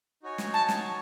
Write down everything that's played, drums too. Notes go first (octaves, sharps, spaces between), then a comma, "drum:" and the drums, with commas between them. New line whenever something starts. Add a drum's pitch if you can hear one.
D#4 F#4 C#5 G#5
drum: snare
A5
drum: snare